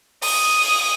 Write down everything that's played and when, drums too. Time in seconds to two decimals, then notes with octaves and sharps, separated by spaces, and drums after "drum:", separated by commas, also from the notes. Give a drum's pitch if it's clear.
0.22 D#6, drum: open hi-hat
0.61 drum: open hi-hat